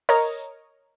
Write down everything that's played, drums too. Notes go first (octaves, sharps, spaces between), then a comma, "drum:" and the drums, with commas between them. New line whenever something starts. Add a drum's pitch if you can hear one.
A#4 C#5 D#5 A#5, drum: open hi-hat